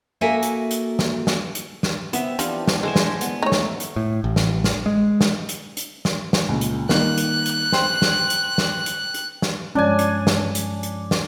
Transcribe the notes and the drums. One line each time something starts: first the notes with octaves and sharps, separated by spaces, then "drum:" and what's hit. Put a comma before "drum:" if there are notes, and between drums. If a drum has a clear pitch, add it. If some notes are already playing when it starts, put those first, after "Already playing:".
A#3 F#4 A4 A#4 E5 G#5
drum: hi-hat
drum: hi-hat
drum: snare
drum: snare
drum: hi-hat
drum: snare
B3 C4 E5, drum: hi-hat
E3 F3 D4 G4, drum: hi-hat
drum: snare
D3 G#3 D4 C5 E5
drum: snare
B3, drum: hi-hat
A3 D#4 C#5
drum: snare
drum: hi-hat
A2
A1
drum: snare
drum: snare
G#3
drum: snare
drum: hi-hat
drum: hi-hat
drum: snare
drum: snare
C#2 A#2
drum: hi-hat
D#3 G3 A#3 F#6, drum: snare
drum: hi-hat
drum: hi-hat
C5 G5 C6, drum: snare
drum: snare
drum: hi-hat
drum: snare
drum: hi-hat
drum: hi-hat
drum: snare
G2 F3 G#3 C#4 D4 G#5
drum: hi-hat
drum: snare
drum: hi-hat
drum: hi-hat
drum: snare